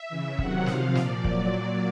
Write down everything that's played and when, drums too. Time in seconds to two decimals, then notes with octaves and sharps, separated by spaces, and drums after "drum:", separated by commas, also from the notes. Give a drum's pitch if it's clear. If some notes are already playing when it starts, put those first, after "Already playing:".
Already playing: E5
0.09 C#3 E3
0.39 C3 D#3 F#3 F#5, drum: kick
0.66 C3 F3 F5, drum: snare
0.95 A#2 F3 D5, drum: snare
1.24 A#2 F#3, drum: kick
1.53 A#2 F#3